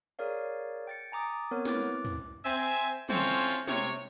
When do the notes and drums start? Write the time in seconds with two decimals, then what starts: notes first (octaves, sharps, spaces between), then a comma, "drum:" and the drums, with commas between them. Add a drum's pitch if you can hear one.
0.19 G#4 A#4 C#5 D5 F5
0.87 G5 A6 C#7
1.12 G#5 A#5 D6 D#6 A6
1.51 B3 C4 A#4 C#5
1.65 C4 E4 B4 D6 A6, drum: snare
2.05 drum: tom
2.45 C4 E5 G#5
3.09 C4 C#4 E4 F4 A4 C#5, drum: tom
3.67 C3 C#5, drum: snare